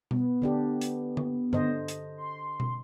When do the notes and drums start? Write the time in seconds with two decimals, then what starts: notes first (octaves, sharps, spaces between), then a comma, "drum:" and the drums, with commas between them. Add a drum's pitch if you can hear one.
0.11 B3, drum: tom B2
0.42 D3 D4 G4
0.81 drum: hi-hat
1.17 drum: tom D3
1.53 D3 C5 D#5, drum: tom G2
1.88 drum: hi-hat
2.18 C6
2.60 drum: tom B2